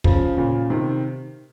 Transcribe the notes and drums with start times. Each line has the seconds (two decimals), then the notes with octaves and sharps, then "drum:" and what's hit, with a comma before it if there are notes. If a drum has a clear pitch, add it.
0.04 C#3 F3, drum: kick
0.37 A#2 C#3
0.70 C3 D#3